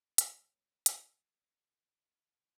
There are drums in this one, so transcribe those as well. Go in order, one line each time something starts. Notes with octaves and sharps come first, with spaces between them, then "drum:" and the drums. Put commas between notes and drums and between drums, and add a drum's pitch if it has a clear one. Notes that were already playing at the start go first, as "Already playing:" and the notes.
B2 G#3 C#4, drum: hi-hat
drum: hi-hat